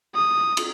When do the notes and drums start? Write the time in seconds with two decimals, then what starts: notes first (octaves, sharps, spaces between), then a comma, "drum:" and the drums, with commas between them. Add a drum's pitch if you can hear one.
0.15 D#6
0.57 drum: cymbal